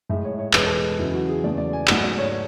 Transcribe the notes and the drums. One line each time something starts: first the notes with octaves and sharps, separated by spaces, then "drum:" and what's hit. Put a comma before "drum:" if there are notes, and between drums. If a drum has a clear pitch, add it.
A2 G#3 E5
C#5
C#5
E2 B2 G#3 B4, drum: clap
A4
G#4
E2 C#3 F#3 E4
F#4
G#4
E2 C#3 F#3 A3 D5
D5
G#5
G#2 F#3 A3 F#5, drum: clap
D5
C#5